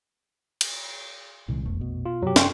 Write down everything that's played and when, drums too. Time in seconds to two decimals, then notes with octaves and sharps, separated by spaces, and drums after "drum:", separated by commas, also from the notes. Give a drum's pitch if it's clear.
0.61 drum: cymbal
1.48 C2 A#2 D#3 G#3
1.66 E1 A#1 F2 A3
1.81 B2
2.06 F4
2.22 F#2 C3 F3 F#3 G4
2.36 F#1 F#2 C3 G5 C6 C#6, drum: snare